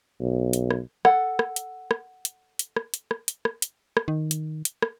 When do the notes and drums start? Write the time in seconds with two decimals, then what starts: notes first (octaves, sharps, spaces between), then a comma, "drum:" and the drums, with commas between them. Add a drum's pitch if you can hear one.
0.20 B1
0.53 drum: hi-hat
0.71 drum: rim click
1.05 A4 F#5, drum: rim click
1.39 drum: rim click
1.56 drum: hi-hat
1.91 drum: rim click
2.25 drum: hi-hat
2.59 drum: hi-hat
2.77 drum: rim click
2.94 drum: hi-hat
3.11 drum: rim click
3.28 drum: hi-hat
3.45 drum: rim click
3.62 drum: hi-hat
3.97 drum: rim click
4.08 D#3
4.31 drum: hi-hat
4.65 drum: hi-hat
4.82 drum: rim click